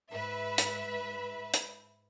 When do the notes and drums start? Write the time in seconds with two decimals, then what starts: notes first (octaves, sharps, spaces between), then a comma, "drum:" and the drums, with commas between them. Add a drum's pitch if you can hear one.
0.11 G#2 B4 E5 B5
0.58 drum: hi-hat
1.54 drum: hi-hat